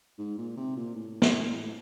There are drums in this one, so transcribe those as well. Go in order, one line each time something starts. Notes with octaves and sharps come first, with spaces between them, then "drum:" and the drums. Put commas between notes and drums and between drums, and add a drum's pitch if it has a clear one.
G#2
A#2
C3
A#2
A2
A2, drum: snare
A2